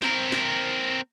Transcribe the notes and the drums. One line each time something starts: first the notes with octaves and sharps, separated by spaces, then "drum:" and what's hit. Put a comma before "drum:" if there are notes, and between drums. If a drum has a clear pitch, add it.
C4 A#4, drum: snare
drum: snare